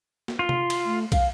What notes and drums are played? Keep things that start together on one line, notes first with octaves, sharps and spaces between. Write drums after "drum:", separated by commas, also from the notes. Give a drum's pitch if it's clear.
drum: snare
F4
drum: tom C3
drum: cymbal
A3
F5, drum: kick, cymbal